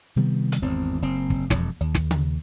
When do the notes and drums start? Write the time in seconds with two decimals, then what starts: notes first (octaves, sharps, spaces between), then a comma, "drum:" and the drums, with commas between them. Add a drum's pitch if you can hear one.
0.16 C3 D#3 G3 B3
0.52 drum: hi-hat
0.62 G#1 E2 C4
1.02 F#1 C4
1.30 drum: kick
1.50 E1 F2, drum: snare
1.80 D#2
1.95 drum: snare
2.11 drum: tom C#3